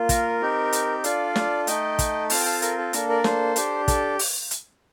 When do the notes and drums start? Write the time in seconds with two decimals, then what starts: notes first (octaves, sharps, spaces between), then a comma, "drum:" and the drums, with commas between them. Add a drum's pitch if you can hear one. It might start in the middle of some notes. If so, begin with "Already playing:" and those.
Already playing: A#3 F4
0.09 A#4, drum: kick, hi-hat
0.41 C4 D#4 G4
0.72 drum: hi-hat
1.04 D4 F4 A4 D5 F5, drum: hi-hat
1.36 drum: snare
1.67 A3 D#4 A4 D#5 G5, drum: hi-hat
1.99 drum: kick, hi-hat
2.30 C4 F4 A4 F5 A5, drum: open hi-hat
2.40 G5
2.45 F5 A5
2.62 A#4, drum: hi-hat
2.78 A4
2.93 A#3 D4 A4 A#4, drum: hi-hat
3.09 A#4 D5
3.24 A4 C5, drum: snare
3.56 D4 G4, drum: hi-hat
3.88 A4, drum: kick, hi-hat
4.19 drum: open hi-hat
4.51 drum: hi-hat